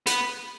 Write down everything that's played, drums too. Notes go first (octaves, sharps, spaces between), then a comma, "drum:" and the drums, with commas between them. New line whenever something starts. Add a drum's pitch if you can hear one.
B3, drum: hi-hat